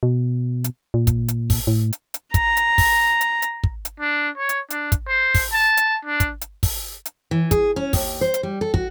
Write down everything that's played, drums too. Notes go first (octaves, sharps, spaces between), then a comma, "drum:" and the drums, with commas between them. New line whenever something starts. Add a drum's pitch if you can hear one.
B2
drum: hi-hat
A#2
drum: kick, hi-hat
drum: hi-hat
drum: kick, open hi-hat
A2
drum: hi-hat
drum: hi-hat
A#5, drum: kick, hi-hat
drum: hi-hat
drum: kick, open hi-hat
drum: hi-hat
drum: hi-hat
drum: kick
drum: hi-hat
D4
C#5
drum: hi-hat
D4, drum: hi-hat
drum: kick, hi-hat
C5
drum: kick, open hi-hat
A5
drum: hi-hat
D4
drum: kick, hi-hat
drum: hi-hat
drum: kick, open hi-hat
drum: hi-hat
E3
G#4, drum: kick, hi-hat
C#4
D#2, drum: kick, open hi-hat
C5
drum: hi-hat
G3
A4
F#4, drum: kick